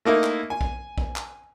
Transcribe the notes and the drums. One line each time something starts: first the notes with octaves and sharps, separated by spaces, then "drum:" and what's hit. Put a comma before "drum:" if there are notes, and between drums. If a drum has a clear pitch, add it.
A3 A#3 D#4 E4
drum: clap
G#5
drum: kick
drum: kick
drum: clap